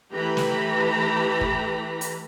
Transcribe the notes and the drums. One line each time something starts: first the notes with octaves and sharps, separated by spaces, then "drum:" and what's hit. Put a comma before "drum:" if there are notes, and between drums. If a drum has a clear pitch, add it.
E3 A3 G4 A#5 B5
drum: snare
drum: kick
drum: hi-hat